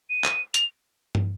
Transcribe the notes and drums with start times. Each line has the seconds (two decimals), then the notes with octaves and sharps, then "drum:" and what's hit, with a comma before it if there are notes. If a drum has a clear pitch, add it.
0.10 D#7
0.24 drum: clap
0.54 F7, drum: hi-hat
1.15 drum: tom